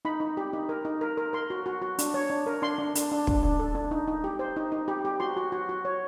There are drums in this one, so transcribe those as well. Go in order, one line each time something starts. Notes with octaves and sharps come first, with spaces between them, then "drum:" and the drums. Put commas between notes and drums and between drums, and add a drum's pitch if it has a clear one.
D#4 B5
D#4
G4
D#4
A#4
D#4
A#4
A#4
A#4 C6
F#4
F#4
F#4
D4, drum: hi-hat
C#5
D4
A#4
D4 C6
D4
D4, drum: hi-hat
D4
D4, drum: kick
D4
A4
D4
D#4
D#4
G4
C5
D#4
D#4
G4
G4
F#4 C6
F#4
F#4
F#4
C#5